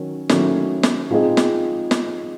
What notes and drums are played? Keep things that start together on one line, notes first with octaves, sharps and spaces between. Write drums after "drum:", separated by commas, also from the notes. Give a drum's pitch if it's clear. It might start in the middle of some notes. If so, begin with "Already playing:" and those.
Already playing: D#3 F#3 C#4
D#3 F#3 A3 C#4 E4, drum: snare
drum: snare
F3 G#3 C4 D#4 G#4
drum: snare
drum: snare